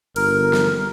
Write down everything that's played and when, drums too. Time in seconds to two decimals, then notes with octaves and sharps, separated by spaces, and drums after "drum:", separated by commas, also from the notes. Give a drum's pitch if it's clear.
0.16 G1 A#4, drum: cymbal
0.53 drum: snare